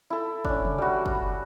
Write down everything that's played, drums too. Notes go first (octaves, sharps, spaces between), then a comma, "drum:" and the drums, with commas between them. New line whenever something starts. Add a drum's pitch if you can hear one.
E4 A4
C#4 D4, drum: kick
drum: tom
G3 F#4
drum: kick